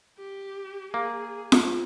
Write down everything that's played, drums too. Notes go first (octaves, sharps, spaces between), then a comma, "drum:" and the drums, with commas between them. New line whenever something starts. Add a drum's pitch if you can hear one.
G4
A#3 G#4
drum: snare F4